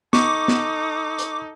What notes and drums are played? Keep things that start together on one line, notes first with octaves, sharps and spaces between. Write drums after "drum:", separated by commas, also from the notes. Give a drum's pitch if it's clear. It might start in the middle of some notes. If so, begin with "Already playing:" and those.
D#4 A4 C#6 D6, drum: snare
drum: snare
drum: hi-hat